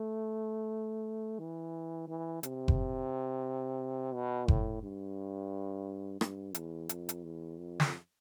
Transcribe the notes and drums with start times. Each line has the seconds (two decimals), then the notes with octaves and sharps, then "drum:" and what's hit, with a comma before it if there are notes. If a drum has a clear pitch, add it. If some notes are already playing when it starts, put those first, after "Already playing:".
Already playing: A3
1.39 E3
2.08 E3
2.43 C3, drum: hi-hat
2.68 drum: kick F#1
4.14 B2
4.48 A2, drum: kick F#1
4.83 G2
6.21 G2, drum: rim click
6.54 E2, drum: hi-hat
6.89 F2, drum: hi-hat
7.09 drum: hi-hat
7.24 E2
7.59 F2
7.80 drum: snare